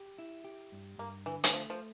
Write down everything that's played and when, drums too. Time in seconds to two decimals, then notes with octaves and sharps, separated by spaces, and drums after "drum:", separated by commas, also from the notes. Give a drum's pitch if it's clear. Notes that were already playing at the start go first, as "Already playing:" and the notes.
Already playing: G4
0.19 E4
0.44 G4
0.72 G2
0.98 G2 A#3
1.26 D3 E3
1.44 E3, drum: hi-hat
1.53 F3 A3
1.70 F3